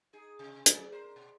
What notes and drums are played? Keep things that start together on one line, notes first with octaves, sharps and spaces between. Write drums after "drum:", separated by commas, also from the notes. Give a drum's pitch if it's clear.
D#4 G#4
C3
F#3 G#4 D5, drum: hi-hat
A#4 C5
B2